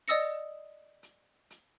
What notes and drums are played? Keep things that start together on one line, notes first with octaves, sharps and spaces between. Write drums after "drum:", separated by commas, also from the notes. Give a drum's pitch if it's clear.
D5 D#5 D#6 E6 A#6 C#7, drum: open hi-hat
drum: hi-hat
drum: hi-hat